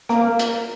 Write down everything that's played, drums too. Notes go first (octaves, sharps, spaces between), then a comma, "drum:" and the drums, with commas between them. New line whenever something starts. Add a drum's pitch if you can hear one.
A#3, drum: rim click
drum: hi-hat